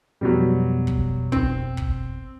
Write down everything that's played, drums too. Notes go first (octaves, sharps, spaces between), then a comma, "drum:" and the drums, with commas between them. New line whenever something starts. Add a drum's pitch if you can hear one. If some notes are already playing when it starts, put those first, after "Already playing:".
F2 B2 F#3 G3
drum: kick
C4, drum: kick
drum: kick